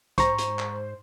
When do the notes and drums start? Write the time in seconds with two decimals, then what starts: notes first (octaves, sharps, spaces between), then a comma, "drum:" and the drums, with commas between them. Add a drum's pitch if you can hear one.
0.18 G#2 C5 A#5 C#6, drum: kick, hi-hat
0.38 drum: hi-hat
0.59 drum: clap